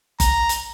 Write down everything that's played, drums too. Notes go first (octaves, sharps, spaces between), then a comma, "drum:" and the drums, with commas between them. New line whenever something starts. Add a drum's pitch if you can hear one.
A#5, drum: kick F#1, hi-hat
drum: hi-hat